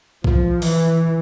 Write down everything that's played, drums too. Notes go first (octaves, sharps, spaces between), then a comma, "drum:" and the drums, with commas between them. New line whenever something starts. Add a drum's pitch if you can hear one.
F3, drum: kick B1
E3, drum: open hi-hat